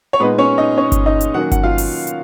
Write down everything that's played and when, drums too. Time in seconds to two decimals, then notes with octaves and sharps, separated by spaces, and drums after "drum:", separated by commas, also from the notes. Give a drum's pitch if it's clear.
0.13 C#5
0.20 A#2 G#3 B3 D#4 B4
0.38 C#4 C#5
0.58 D#4 D#5
0.77 C#4 C#5
0.92 drum: kick G1, hi-hat
1.06 D#4 D#5
1.21 drum: hi-hat
1.34 D#3 F#3 A#3 C#4 F#4 F#5
1.52 F#5, drum: kick G1, hi-hat
1.64 F4 F5
1.78 drum: open hi-hat
2.07 drum: hi-hat